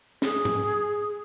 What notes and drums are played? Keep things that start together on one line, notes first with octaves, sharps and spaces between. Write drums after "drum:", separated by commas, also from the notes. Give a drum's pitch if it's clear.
G#4, drum: snare
drum: tom G#2